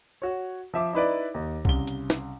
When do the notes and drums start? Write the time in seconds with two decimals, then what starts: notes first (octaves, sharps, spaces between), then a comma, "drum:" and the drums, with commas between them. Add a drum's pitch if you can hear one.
0.22 F#4 C#5
0.74 F3 E5 D6
0.93 D#4 E4 B4 D5
1.34 D#2
1.65 C2 C#3 G7, drum: kick C2
1.87 drum: hi-hat
2.10 drum: snare